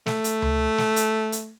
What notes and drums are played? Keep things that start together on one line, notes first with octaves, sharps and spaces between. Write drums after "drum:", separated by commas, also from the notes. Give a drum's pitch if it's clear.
A3, drum: snare
drum: hi-hat
drum: tom C#2
drum: snare
drum: hi-hat
drum: hi-hat